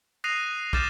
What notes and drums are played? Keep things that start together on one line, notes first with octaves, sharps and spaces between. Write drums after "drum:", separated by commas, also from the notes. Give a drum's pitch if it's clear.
D#6 F#6 A#6 C7 D#7 F7
D6 F6 G6 A6 E7, drum: kick